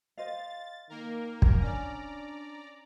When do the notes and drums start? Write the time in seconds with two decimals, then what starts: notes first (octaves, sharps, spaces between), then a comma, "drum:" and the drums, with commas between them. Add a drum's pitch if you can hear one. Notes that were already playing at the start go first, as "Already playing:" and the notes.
0.18 C5 D#5 F5 A6
0.90 D#3 A#3 A#4
1.42 drum: kick
1.60 C#4 D4 D5 G#5 A#5